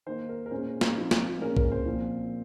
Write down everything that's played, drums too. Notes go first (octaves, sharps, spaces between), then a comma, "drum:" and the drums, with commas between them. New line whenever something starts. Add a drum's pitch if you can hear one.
D#3 A#3 D#4 C5
A#4
A#4
A#2 G#3 C#4 C5
drum: snare
F3 C4 D#4
drum: snare
A#2 G#3 C#4 A#4
A#4, drum: kick
C5
A#2 F3 C4